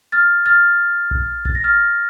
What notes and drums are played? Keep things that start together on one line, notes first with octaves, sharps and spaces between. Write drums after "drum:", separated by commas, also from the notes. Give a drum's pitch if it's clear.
F6 A6
F6 A6
drum: kick A#1
A6, drum: kick A#1
A#6
F6 A6